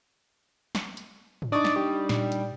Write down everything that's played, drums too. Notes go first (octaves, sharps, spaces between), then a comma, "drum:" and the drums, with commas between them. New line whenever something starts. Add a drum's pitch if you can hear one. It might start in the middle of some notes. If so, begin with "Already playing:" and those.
drum: snare
drum: hi-hat
drum: tom G#2
D4 D#4 D5 C#6 D#6 A6
drum: snare
G3
A#2, drum: snare
drum: hi-hat